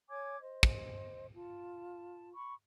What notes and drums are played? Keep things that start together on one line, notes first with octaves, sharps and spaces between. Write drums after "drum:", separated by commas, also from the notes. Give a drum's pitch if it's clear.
C#5 G#5 D6 G#6
C5 D#5
drum: kick
F4 A5
B5 C#6